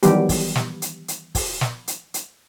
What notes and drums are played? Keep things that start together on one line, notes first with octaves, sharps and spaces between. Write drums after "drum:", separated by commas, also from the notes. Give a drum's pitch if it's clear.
D#3 E3 F#3 G3 B3 G4, drum: hi-hat
drum: kick, open hi-hat
drum: snare
drum: hi-hat
drum: hi-hat
drum: kick, open hi-hat
drum: snare
drum: hi-hat
drum: hi-hat